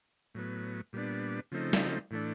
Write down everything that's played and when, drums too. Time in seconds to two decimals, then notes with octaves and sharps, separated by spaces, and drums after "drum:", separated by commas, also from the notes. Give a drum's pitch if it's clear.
0.34 A2 F#3 B3
0.93 A#2 G3 B3 D4
1.52 C#3 F3 A3 C4 D#4
1.73 drum: snare
2.11 A2 E3 A3 D4